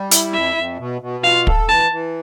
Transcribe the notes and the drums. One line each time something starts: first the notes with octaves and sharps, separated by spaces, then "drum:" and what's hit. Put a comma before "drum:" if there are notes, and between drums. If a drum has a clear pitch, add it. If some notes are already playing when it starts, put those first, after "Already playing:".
Already playing: G3
E4, drum: hi-hat
F2 E5
F2
B2
B2
F4 F5
A4, drum: kick
E3 A5
E3